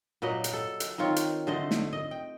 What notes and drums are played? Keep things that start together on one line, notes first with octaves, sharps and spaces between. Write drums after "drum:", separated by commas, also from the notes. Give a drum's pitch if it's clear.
A#2 F#3 B4 D#5
drum: hi-hat
A4
drum: hi-hat
D#3 C4 F4 C#5
drum: hi-hat
D3 A3 C5 D#5
drum: snare
D#5
G5